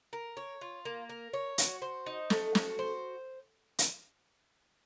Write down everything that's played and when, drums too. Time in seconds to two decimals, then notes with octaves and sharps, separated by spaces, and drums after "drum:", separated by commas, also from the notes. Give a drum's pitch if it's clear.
0.13 A#4
0.37 C#5
0.61 F4
0.85 A#3
1.09 A#4
1.34 C#5
1.58 F#4, drum: hi-hat
1.82 C5
2.06 D#4
2.30 A3, drum: snare
2.55 F#4, drum: snare
2.79 C5
3.79 drum: hi-hat